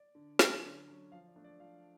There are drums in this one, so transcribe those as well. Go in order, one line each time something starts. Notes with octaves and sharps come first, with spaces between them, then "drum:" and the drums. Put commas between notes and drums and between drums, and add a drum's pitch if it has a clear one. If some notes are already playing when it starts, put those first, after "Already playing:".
Already playing: D5
D3
F#3 C#4, drum: snare
D3
F#3 C#4
F3 F5
D5
A3 D4
D5
F3 F5